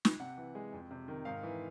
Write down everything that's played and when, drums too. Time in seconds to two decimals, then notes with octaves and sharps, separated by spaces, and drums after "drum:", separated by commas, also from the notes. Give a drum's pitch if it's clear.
0.05 drum: snare
0.20 C3 F#5
0.38 E3
0.55 G#3
0.73 F2
0.91 C3
1.08 D#3
1.25 G#2 F5
1.43 E3